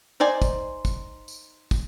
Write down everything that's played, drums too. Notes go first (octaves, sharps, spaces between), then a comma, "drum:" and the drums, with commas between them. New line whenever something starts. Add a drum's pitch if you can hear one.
D#4 C5 D5 G#5
drum: kick, tambourine
drum: kick, tambourine
drum: tambourine
drum: kick, tambourine